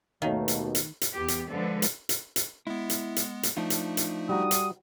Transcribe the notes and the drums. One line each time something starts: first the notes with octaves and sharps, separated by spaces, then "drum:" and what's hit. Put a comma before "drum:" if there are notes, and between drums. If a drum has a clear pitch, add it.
D#2 B2 D#3 A3 C#5 F5
drum: hi-hat
drum: hi-hat
drum: hi-hat
E2 B3 G4
drum: hi-hat
D3 F3 G#3 A4 B4
drum: hi-hat
drum: hi-hat
drum: hi-hat
G#3 B3 E4
drum: hi-hat
drum: hi-hat
drum: hi-hat
F3 A3 D4 D#4 F4
drum: hi-hat
drum: hi-hat
G3 F#4 A#5 D#6
drum: hi-hat